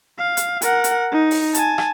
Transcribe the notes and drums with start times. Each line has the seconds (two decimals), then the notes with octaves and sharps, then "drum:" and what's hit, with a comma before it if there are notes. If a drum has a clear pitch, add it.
0.19 F5
0.37 drum: hi-hat
0.62 A#4 F#5, drum: hi-hat
0.84 drum: hi-hat
1.12 D#4
1.31 drum: open hi-hat
1.54 G#5 A5, drum: hi-hat
1.78 drum: rim click